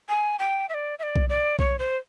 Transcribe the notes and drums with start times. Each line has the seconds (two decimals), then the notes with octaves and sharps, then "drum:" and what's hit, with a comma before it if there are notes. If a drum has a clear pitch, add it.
0.09 G#5
0.39 G5
0.69 E5
0.74 D5
0.99 E5
1.03 D5
1.16 drum: kick B1
1.29 D5
1.59 C#5, drum: kick B1
1.79 C5